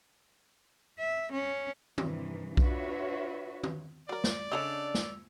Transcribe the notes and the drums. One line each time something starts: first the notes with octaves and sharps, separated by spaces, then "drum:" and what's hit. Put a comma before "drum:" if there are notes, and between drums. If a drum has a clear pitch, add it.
E5
C#4
G2 C3 D#3 E3, drum: tom D#3
D4 F4 F#4 B4 C#5 E5, drum: kick B1
drum: tom D#3
F#3 A#4 D5
drum: snare
C#3 C#4 D4 A4 D#5 E6 F7
drum: snare